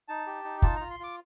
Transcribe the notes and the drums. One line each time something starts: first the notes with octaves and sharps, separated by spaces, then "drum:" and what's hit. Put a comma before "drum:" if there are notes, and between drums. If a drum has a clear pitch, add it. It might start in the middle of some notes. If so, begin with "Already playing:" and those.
D#4 A5
G4
D#4
F4 A5, drum: kick
F4 A#5
C6
F4 D6